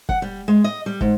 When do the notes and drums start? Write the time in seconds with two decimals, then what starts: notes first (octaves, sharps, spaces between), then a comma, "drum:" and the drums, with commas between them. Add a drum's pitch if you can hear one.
0.09 F#5, drum: kick
0.22 G3
0.48 G#3
0.64 D#5
0.86 G3
1.01 G#2, drum: kick